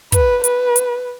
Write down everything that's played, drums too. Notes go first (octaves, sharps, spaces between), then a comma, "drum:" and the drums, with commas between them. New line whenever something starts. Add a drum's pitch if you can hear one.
B4, drum: kick, hi-hat
B4, drum: hi-hat
drum: hi-hat